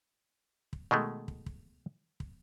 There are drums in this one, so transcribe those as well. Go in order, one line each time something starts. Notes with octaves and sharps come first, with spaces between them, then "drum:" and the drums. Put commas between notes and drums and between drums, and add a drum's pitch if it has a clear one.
drum: kick
B2 D#3 G#3 A3
drum: kick
drum: kick
drum: kick